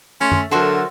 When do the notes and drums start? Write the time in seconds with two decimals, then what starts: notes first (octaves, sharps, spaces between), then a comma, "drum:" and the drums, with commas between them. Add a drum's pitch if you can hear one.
0.21 A3 C#4 C6
0.32 drum: tom F#2
0.51 D3 F#3 F#4 A4 A#4 C5 E5